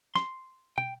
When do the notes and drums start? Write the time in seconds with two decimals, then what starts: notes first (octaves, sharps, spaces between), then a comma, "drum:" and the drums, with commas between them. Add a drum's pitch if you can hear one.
0.16 C6, drum: snare
0.78 G5, drum: tom